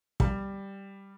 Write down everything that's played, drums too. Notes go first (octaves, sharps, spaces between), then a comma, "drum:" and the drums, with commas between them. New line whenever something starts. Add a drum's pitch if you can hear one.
G3, drum: kick